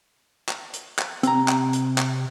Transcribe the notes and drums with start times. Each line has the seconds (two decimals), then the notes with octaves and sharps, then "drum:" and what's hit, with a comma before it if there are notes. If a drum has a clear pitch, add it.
0.49 drum: clap
0.74 drum: hi-hat
0.98 drum: clap
1.23 C3 C4 A#5, drum: hi-hat
1.48 drum: clap
1.73 drum: hi-hat
1.98 drum: clap